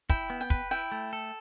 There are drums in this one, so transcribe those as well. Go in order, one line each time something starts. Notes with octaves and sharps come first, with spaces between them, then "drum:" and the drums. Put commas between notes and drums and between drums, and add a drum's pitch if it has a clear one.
E4 G5, drum: kick
B3
G5
B4, drum: kick
E4 G5
A3
A4